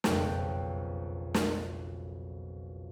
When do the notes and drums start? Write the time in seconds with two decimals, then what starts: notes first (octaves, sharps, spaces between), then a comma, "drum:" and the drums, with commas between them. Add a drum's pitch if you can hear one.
0.04 F#1 B1 F2 B4 G5 A5, drum: snare
1.34 drum: snare